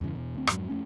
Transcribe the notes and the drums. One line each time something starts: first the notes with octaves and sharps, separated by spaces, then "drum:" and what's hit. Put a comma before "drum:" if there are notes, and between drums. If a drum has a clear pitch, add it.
E2 G2 C#3 E3
E2 B2
D2 C4
F2 G#2 F#3, drum: rim click
F2 A#2 A3 C#4